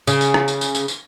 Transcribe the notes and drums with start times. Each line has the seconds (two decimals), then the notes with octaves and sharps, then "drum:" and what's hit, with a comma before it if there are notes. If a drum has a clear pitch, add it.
0.07 C#3, drum: tambourine
0.21 drum: tambourine
0.34 drum: rim click
0.48 drum: tambourine
0.61 drum: tambourine
0.75 drum: tambourine
0.88 drum: tambourine